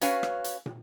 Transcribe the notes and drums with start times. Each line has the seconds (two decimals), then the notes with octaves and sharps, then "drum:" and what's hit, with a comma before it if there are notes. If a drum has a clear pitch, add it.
0.01 C#4 F#4 B4 C#5 F5 G#5, drum: hi-hat
0.23 drum: rim click
0.44 drum: hi-hat
0.66 drum: tom